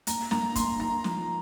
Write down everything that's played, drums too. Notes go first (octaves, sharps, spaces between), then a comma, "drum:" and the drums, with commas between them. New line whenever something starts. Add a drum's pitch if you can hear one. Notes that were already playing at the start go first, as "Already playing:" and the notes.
A#3 A#5, drum: hi-hat
A#3 A#5, drum: snare
A#3 C6, drum: kick, hi-hat
D#4 A#5
F3, drum: snare